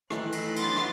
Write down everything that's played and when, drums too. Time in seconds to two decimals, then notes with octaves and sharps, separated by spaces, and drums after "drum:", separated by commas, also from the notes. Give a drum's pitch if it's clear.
0.10 D#3 E3 A3 E4 F#6, drum: rim click
0.32 drum: cymbal
0.56 F#3 B3 D4 F#5 C6 A6, drum: cymbal
0.76 drum: rim click